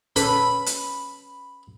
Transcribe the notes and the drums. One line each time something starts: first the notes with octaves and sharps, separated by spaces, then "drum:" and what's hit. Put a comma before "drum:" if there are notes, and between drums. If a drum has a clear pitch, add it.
C#4 A4 B4 B5, drum: hi-hat
drum: hi-hat